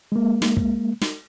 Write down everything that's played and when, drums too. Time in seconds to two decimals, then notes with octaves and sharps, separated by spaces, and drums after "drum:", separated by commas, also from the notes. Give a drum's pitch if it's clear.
0.12 G#3 A#3
0.42 drum: snare
0.57 drum: kick
1.01 drum: snare